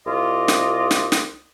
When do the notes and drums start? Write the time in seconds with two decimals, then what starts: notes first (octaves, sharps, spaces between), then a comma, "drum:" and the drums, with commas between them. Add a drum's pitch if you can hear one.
0.06 C2 F4 D5 D#5
0.48 drum: snare
0.91 drum: snare
1.12 drum: snare